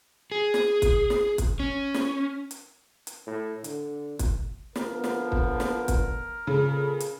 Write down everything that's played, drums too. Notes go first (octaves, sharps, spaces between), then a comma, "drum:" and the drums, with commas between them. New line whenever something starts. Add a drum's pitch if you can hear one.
G#4
drum: snare
drum: kick, hi-hat
drum: snare
drum: kick, hi-hat
C#4
drum: snare
drum: hi-hat
drum: hi-hat
A2
D3, drum: hi-hat
drum: kick, hi-hat
D3 F3 B3 A#4, drum: snare
drum: snare
drum: kick
drum: snare
drum: kick, hi-hat
A#2 C#3 C4 A4
drum: hi-hat